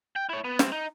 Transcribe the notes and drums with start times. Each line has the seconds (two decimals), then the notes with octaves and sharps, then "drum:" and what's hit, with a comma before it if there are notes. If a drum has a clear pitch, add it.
0.16 G5
0.29 E4 C#5
0.44 B3
0.59 G3 C4, drum: snare
0.72 D#4